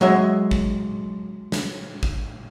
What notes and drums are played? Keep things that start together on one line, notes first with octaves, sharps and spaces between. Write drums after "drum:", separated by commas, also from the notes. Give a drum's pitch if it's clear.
F#3 G#3 E5
drum: kick
drum: snare
drum: kick